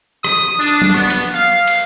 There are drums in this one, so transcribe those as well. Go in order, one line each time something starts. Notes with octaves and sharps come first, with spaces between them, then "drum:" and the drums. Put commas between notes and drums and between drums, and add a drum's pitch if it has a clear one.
D#6, drum: rim click
D4
drum: tom
B3, drum: rim click
drum: cymbal
F5
drum: cymbal